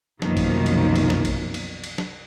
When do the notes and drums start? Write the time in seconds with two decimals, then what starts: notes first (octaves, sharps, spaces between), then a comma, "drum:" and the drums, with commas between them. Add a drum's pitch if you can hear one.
0.22 C2 F#2 B2 D#3 F3 A#3, drum: snare
0.37 drum: kick A1, cymbal
0.66 drum: cymbal
0.95 drum: cymbal
1.10 drum: snare
1.25 drum: kick A1, cymbal
1.54 drum: cymbal
1.84 drum: cymbal
1.98 drum: snare